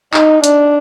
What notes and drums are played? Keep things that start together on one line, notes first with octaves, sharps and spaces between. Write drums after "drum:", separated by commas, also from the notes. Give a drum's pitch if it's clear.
D#4, drum: clap
D4, drum: hi-hat